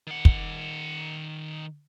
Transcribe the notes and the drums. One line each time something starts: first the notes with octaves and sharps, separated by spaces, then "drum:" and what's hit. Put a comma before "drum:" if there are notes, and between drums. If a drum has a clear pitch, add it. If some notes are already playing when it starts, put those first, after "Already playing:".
D#3 F#5
drum: kick